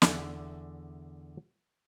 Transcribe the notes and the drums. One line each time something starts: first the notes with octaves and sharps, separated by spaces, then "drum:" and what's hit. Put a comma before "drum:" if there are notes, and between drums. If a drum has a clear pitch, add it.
E2 D3 D5 E5 G#5, drum: snare